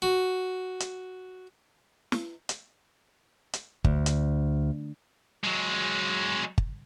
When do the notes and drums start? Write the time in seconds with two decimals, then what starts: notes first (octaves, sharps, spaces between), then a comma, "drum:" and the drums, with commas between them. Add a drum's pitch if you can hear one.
0.02 F#4
0.80 drum: hi-hat
2.12 drum: snare
2.49 drum: hi-hat
3.53 drum: hi-hat
3.84 D2, drum: kick G1
4.06 drum: hi-hat
5.44 F#3 G#3
6.58 drum: kick G1